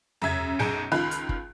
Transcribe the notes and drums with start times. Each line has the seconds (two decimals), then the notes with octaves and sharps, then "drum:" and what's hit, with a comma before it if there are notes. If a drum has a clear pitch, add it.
0.22 F#2 C#3 E5 G#6, drum: tom E2
0.59 B1 F#2 G#4 G6 C#7 D7
0.92 C#2 D#3 F4 B5 F#6
1.11 drum: hi-hat
1.29 drum: kick